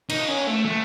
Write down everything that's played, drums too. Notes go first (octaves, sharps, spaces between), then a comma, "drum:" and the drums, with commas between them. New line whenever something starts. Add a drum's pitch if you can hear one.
D#4, drum: cymbal
C#4
A3
A3